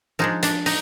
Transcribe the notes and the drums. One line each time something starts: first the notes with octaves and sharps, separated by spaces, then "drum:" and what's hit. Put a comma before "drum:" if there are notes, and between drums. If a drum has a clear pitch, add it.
F3 G#3 D4 D#4
D4, drum: hi-hat
D#4, drum: open hi-hat